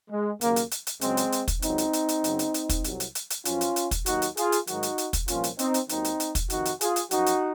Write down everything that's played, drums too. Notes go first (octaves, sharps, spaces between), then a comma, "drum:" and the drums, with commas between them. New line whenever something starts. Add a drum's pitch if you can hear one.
G#3
D#2 C#3 F#3 A#3, drum: hi-hat
drum: hi-hat
drum: hi-hat
drum: hi-hat
C#2 C#3 F#3 G#3 C4, drum: hi-hat
drum: hi-hat
drum: hi-hat
drum: kick, hi-hat
C#2 C#3 F#3 C4 D#4, drum: hi-hat
drum: hi-hat
drum: hi-hat
drum: hi-hat
F#2 C#3 F#3, drum: hi-hat
drum: hi-hat
drum: hi-hat
drum: kick, hi-hat
C2 C3 F#3, drum: hi-hat
drum: hi-hat
drum: hi-hat
drum: hi-hat
F#2 F3 C#4 F4, drum: hi-hat
drum: hi-hat
drum: hi-hat
drum: kick, hi-hat
D#2 D#3 F#3 D#4 F#4, drum: hi-hat
drum: hi-hat
F4 G#4, drum: hi-hat
drum: hi-hat
G#2 D#3 F#3 D#4 F#4, drum: hi-hat
drum: hi-hat
drum: hi-hat
drum: kick, hi-hat
C2 A#2 F3 C#4 F4, drum: hi-hat
drum: hi-hat
C4 D#4, drum: hi-hat
drum: hi-hat
D#2 D#3 F#3 C4 D#4, drum: hi-hat
drum: hi-hat
drum: hi-hat
drum: kick, hi-hat
F2 C3 D#3 D#4 F#4, drum: hi-hat
drum: hi-hat
F4 G#4, drum: hi-hat
drum: hi-hat
F#2 F3 D#4 F#4, drum: hi-hat
drum: hi-hat